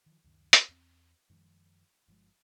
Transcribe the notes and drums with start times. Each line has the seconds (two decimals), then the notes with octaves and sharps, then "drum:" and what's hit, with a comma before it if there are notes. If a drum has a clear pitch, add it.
0.06 D#3 F3
0.24 C#2 F#2 D#3
0.53 drum: hi-hat
0.68 E2 C4
1.30 F#2 D#3 F3 G#3
2.08 G1 F3 G#3